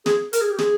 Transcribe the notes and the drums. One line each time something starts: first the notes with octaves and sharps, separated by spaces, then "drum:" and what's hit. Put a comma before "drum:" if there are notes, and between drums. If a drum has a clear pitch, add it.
G#4, drum: snare
A#4, drum: hi-hat
G#4
G4
G#4, drum: snare